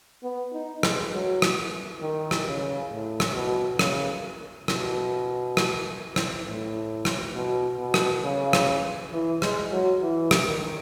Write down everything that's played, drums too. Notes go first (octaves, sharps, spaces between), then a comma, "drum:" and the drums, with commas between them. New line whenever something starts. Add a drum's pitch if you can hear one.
B3
D#4
G#3, drum: rim click
F#3
drum: rim click
D#3
drum: rim click
C#3
A2
drum: rim click
B2
C#3, drum: rim click
B2, drum: rim click
drum: rim click
drum: rim click
A2
drum: rim click
B2
B2
drum: rim click
C#3
drum: rim click
E3
G#3, drum: rim click
F#3
E3
drum: rim click
D#3